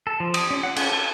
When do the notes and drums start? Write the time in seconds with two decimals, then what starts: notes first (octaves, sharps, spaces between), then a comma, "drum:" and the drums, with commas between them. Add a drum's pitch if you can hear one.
0.07 A4
0.20 F3
0.34 D#6, drum: cymbal
0.51 C#4
0.63 F#5
0.76 C#4, drum: cymbal
0.92 A4